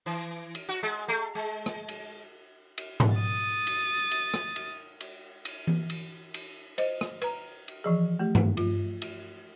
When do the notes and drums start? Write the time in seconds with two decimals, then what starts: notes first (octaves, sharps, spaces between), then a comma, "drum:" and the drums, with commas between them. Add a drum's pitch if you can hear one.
0.06 E3
0.55 drum: cymbal
0.69 F#4
0.83 G#3
1.08 A3
1.35 G#3
1.66 drum: rim click
1.88 drum: cymbal
2.78 drum: cymbal
3.00 drum: tom G#2
3.16 D#6 A6
3.67 drum: cymbal
4.11 drum: cymbal
4.34 drum: rim click
4.56 drum: cymbal
5.01 drum: cymbal
5.45 drum: cymbal
5.67 drum: tom E3
5.90 drum: cymbal
6.34 drum: cymbal
6.78 C5 D#5, drum: cymbal
7.01 drum: rim click
7.22 B4 A#5, drum: cymbal
7.68 drum: cymbal
7.84 E3 F3 G#4
8.19 A3 G4
8.35 drum: tom G2
8.57 F4, drum: cymbal
9.02 drum: cymbal